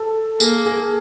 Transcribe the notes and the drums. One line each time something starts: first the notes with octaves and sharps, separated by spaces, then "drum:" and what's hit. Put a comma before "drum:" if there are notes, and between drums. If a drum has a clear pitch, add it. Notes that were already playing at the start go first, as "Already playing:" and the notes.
Already playing: A4
A#3 G#4, drum: tambourine
G#4